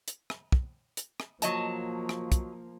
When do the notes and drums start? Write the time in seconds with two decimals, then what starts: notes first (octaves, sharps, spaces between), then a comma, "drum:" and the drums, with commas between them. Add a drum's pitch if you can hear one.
0.08 drum: hi-hat
0.30 drum: rim click
0.52 drum: kick
0.97 drum: hi-hat
1.20 drum: rim click
1.42 F3 F#3 A#3 D#5 A5, drum: hi-hat
2.09 drum: rim click
2.32 drum: kick, hi-hat